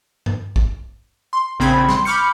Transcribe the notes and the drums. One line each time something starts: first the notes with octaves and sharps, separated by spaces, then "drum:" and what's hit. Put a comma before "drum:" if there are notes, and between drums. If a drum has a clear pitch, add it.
drum: tom G2
drum: kick
C6
A#1 C#3 C4 G5 B5 G#6
C6, drum: snare
B5 C#6 D6 F6 G6 C#7